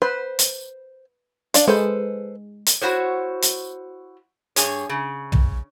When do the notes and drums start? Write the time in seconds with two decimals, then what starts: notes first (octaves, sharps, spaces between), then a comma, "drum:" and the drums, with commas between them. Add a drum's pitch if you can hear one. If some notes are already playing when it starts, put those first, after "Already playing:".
0.02 B4 C5
0.39 drum: hi-hat
1.54 D4 D5 F5, drum: hi-hat
1.68 G#3 A4 B4 C5
2.66 drum: hi-hat
2.82 E4 F#4 C5 C#5
3.42 drum: hi-hat
4.56 G2 G#4 C#5, drum: hi-hat
4.89 C#3
5.32 drum: tom